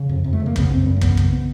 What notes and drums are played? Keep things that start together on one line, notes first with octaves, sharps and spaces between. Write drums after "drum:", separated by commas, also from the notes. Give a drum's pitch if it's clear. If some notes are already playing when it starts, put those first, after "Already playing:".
Already playing: C#3
F2
F2
A3
C#3
A#3
C#3 B3, drum: kick
F#2 C4
F#2
A#3
C#3 B3, drum: kick
C#3, drum: kick
B3